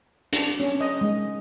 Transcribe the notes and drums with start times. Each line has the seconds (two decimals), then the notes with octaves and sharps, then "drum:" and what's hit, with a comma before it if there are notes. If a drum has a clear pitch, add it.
0.33 D4, drum: hi-hat
0.60 C#4
0.81 D#5
1.01 G#3